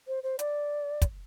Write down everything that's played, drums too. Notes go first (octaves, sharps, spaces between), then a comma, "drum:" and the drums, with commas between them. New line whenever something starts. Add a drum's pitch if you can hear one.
C5
C5
D5, drum: hi-hat
drum: kick, hi-hat